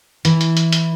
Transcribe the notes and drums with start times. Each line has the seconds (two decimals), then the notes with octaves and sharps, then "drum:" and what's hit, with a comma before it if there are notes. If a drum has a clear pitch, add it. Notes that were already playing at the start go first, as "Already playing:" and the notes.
0.25 E3, drum: hi-hat
0.41 drum: hi-hat
0.57 drum: hi-hat
0.73 drum: hi-hat